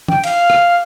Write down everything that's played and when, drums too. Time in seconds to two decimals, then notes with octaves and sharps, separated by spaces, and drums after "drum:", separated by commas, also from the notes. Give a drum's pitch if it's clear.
0.08 G5, drum: tom
0.23 F5, drum: cymbal
0.50 drum: rim click